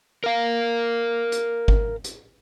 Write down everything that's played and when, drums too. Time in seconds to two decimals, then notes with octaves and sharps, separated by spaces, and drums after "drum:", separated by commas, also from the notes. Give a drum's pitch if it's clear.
0.24 A#4 F5
1.32 drum: hi-hat
1.68 drum: kick G1
2.04 drum: hi-hat